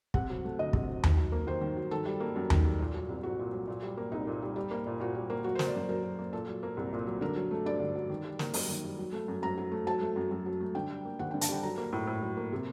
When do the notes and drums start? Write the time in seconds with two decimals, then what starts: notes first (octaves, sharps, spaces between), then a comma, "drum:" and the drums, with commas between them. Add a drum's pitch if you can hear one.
0.14 C3 F#5, drum: kick
0.30 F#3
0.45 A3
0.59 D2 D#5
0.73 C3, drum: kick
0.89 F#3
1.04 D#3, drum: tom D#2
1.17 F#3
1.32 A#3
1.47 D#2 C5
1.61 D#3
1.77 F#3
1.91 D#3 A4
2.06 G3
2.20 A#3
2.36 F#2
2.50 D#3, drum: tom D#2
2.65 G3
2.80 A#2
2.94 F#3
3.09 C2
3.23 C2 F#4
3.39 A#2
3.53 F#3
3.67 A#2
3.82 G3
3.97 A#3
4.12 C2 D#4
4.27 A#2
4.42 G3
4.56 G3
4.71 A#3
4.87 A#2
5.00 A#2 F#4
5.15 G3
5.30 A#3
5.44 F#3 F#4
5.55 C5
5.59 A#3, drum: snare
5.67 D5
5.75 F#2 C5
5.89 F#2 A#4
6.03 F#3
6.19 A#3
6.33 A#2 A4
6.48 F#3
6.63 A#3
6.77 C2
6.93 A#2
7.07 F#3
7.21 D3 A#4
7.36 F#3
7.51 A3
7.66 G2 D5
7.80 D3
7.95 F#3
8.10 D#3
8.25 G3
8.39 A#3, drum: snare
8.54 F#2, drum: open hi-hat
8.69 D#3
8.84 G3
8.98 F#3
9.12 A3
9.28 F#2
9.42 F#2 A#5
9.58 F#3
9.72 A3
9.87 F#3 A5
10.01 A3
10.16 F#2
10.31 F#2
10.46 F#3
10.61 A3
10.75 D3 G5
10.90 G3
11.05 A#3
11.19 D#2 F#5
11.31 G5
11.34 D3
11.41 A5, drum: hi-hat
11.49 G3 G5
11.63 F#3 A#5
11.78 A#3
11.93 A2
12.07 A2
12.22 F#3
12.37 A#3
12.52 C3